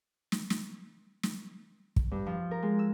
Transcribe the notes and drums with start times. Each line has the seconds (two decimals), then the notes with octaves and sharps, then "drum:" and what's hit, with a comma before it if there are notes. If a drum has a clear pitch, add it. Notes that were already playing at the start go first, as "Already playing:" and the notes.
0.32 drum: snare
0.50 drum: snare
1.23 drum: snare
1.96 drum: kick
2.11 G2
2.26 F3
2.51 A#4
2.63 G#3
2.79 E6